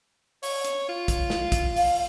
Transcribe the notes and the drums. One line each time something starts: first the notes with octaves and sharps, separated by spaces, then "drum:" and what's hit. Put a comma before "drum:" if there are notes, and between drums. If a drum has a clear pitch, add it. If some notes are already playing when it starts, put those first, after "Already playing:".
C#5, drum: open hi-hat
drum: hi-hat
F4
drum: kick A#1, hi-hat
drum: snare
drum: kick A#1, hi-hat
F5, drum: open hi-hat